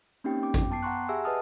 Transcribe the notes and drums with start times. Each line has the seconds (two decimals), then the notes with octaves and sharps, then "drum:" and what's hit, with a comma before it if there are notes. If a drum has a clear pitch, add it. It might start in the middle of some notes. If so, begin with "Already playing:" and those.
0.24 A#3 C4 C#4 D#4 G4 G5
0.43 G5 D6
0.54 drum: kick G#1, hi-hat
0.70 B3 G5 A5 D6 C7
0.83 F#5 A5 A#5 C6 C#6 F#6
1.09 G4 G#4 E5 F#5 G#5 E6
1.24 B4 D#5 F#5 A5 D#6 F6